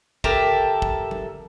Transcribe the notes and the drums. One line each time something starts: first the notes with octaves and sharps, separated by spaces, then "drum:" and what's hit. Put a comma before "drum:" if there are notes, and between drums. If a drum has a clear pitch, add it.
G4 A4 A#4 E5, drum: kick
drum: kick
drum: tom F#3